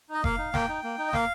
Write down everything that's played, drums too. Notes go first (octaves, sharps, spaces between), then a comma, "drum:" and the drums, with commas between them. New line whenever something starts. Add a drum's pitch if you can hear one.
D#4 D#5
A#3 F5, drum: kick F1
D#4
A#3 G5, drum: snare
D#4
A#3
D#4
D#5
A#3 F5, drum: snare